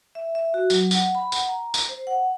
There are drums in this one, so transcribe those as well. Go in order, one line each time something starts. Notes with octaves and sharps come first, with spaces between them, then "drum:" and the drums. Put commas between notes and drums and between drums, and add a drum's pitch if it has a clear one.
E5
E5
F#4
F#3, drum: tambourine
F#5, drum: tambourine
B5
F#5, drum: tambourine
A#5
drum: tambourine
C5
F#5